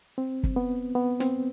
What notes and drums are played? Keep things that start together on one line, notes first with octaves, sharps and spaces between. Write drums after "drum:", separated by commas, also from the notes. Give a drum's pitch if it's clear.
C4
drum: kick
B3
B3
C4, drum: snare